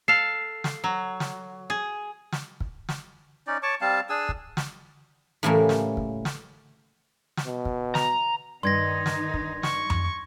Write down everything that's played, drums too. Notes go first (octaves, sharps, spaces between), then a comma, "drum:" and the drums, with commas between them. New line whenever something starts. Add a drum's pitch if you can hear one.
A4 F5 C7
drum: snare
F#3
drum: snare
G#4
drum: snare
drum: kick
drum: snare
C#4 D#4 D5
C#5 A5 C#6 D6
G3 C4 F5 A5
D4 G#4 G#5 E6
drum: kick
drum: snare
A2 C#3 E3 G3 A3 A#3
drum: snare
drum: kick
drum: snare
drum: snare
B2
drum: kick
A#5, drum: snare
G2 D#3 D#4 C6 G#6 A#6
drum: snare
drum: kick
C#6, drum: snare
drum: tom F2